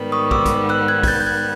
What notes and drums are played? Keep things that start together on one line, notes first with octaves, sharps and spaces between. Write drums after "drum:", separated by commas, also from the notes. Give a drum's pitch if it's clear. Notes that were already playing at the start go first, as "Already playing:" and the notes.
Already playing: G#2 D#3 G3 B3
C#6 D#6
D6 E6, drum: kick
drum: kick, hi-hat
E6 F#6
F#6 G#6
G#6, drum: kick, open hi-hat
G6 A6
G6
F#6 G#6
G6